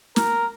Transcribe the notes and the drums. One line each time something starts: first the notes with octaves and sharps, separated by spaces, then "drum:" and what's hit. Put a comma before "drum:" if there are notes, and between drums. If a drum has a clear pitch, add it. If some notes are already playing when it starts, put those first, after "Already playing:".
A#4, drum: snare